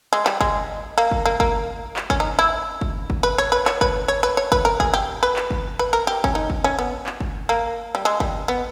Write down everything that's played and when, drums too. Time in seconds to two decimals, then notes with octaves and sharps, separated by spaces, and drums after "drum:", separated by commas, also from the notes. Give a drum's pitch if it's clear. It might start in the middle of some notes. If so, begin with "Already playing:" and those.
0.13 G#3
0.26 G3, drum: clap
0.41 G#3, drum: kick G1
0.98 A#3
1.11 drum: kick G1
1.26 A#3
1.40 A#3, drum: kick G1
1.96 drum: clap
2.10 C#4, drum: kick G1
2.20 D#4
2.39 E4
2.81 drum: kick G1
3.10 drum: kick G1
3.23 B4
3.38 C#5
3.52 B4
3.66 C#5, drum: clap
3.81 B4, drum: kick G1
4.08 C#5
4.23 B4
4.37 C#5
4.52 B4, drum: kick G1
4.65 A#4
4.80 G#4, drum: kick G1
4.94 G4
5.23 B4
5.36 drum: clap
5.51 drum: kick G1
5.79 B4
5.93 A#4
6.07 G4
6.24 C#4, drum: kick G1
6.35 D#4
6.50 drum: kick G1
6.64 C#4
6.79 B3
7.06 drum: clap
7.20 drum: kick G1
7.49 A#3
7.95 G3
8.05 G#3
8.20 G3, drum: kick G1
8.48 B3